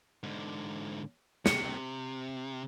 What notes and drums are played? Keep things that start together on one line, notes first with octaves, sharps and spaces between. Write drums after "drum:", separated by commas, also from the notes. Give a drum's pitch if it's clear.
G#2 D3
C3 C#7, drum: snare